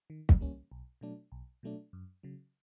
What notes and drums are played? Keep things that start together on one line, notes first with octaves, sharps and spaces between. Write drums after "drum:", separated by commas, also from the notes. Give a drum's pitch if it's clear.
D#3
drum: kick
G3 A#3 C#4
B1
B2 F#3 A3 D4
B1
B2 F#3 A3 D4
F#2
C#3 F#3